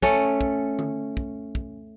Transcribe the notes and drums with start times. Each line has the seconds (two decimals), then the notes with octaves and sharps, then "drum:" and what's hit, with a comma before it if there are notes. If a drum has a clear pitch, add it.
0.02 A3 C#4, drum: kick
0.41 drum: kick
0.79 drum: tom D3
1.17 drum: kick
1.55 drum: kick